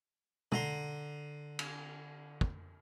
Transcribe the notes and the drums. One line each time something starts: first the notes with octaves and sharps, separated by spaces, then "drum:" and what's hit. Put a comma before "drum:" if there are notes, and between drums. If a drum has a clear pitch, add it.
D3 A#5 C6, drum: tom
drum: cymbal
drum: kick